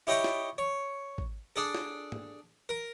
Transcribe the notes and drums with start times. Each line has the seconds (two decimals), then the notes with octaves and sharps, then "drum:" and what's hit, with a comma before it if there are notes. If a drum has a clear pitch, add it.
0.07 E4 G4 C#5 D#5 G5 B5
0.24 drum: snare
0.58 C#5
1.18 drum: kick
1.56 D4 G#4 A4
1.75 drum: snare
2.12 drum: tom
2.69 A#4